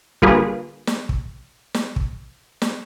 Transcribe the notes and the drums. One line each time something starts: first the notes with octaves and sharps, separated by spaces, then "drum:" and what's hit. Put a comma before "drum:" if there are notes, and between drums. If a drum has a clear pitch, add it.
D3 G3 A#3 F4 G#4 B4, drum: kick
drum: snare
drum: kick
drum: snare
drum: kick
drum: snare